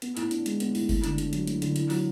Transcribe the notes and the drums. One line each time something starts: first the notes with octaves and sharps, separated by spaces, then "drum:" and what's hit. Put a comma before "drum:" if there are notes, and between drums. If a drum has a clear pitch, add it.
B3, drum: hi-hat
A2, drum: hi-hat
D4, drum: hi-hat
G#3, drum: hi-hat
B3, drum: hi-hat
A2, drum: open hi-hat
A3, drum: kick G1, open hi-hat
D3, drum: hi-hat
D3, drum: hi-hat
F#3, drum: hi-hat
A3, drum: hi-hat
D3, drum: hi-hat
E4, drum: hi-hat
F#3, drum: open hi-hat